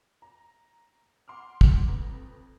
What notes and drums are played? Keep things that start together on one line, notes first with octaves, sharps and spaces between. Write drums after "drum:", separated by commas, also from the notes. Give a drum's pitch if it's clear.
A#5
F#5 C6 D6 F6
drum: kick
F2 B4 A#5